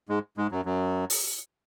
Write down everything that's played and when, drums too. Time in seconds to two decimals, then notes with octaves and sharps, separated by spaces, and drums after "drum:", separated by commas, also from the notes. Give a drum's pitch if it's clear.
0.09 G#2 G#3
0.37 G#2 G#3
0.52 F#2 F#3
0.65 F#2 F#3
1.10 drum: open hi-hat